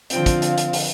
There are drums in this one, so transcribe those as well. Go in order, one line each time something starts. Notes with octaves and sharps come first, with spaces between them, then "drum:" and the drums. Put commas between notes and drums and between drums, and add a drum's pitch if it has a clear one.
D3 F3 C4 F4 G5, drum: hi-hat
drum: kick, hi-hat
F5, drum: hi-hat
drum: hi-hat
drum: open hi-hat